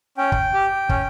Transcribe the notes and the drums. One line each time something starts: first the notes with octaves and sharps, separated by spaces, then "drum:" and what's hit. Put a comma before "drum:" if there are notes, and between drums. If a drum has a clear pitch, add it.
C#4 G5
drum: kick
G4
C#4, drum: kick